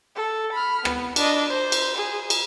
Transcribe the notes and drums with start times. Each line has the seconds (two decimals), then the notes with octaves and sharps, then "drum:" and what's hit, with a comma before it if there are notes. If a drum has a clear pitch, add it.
0.16 A4
0.53 B5 F6
0.85 B3, drum: rim click
1.16 D4 D#5, drum: cymbal
1.49 C5
1.72 drum: cymbal
1.97 G#4
2.30 drum: cymbal